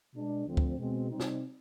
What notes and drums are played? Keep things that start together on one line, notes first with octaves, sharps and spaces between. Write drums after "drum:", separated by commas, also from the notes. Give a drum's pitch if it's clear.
B2 G#3 D4
D2 D3 F3 C4
drum: kick
B2 G#3 C4
C3 G3 C4 D#4
drum: snare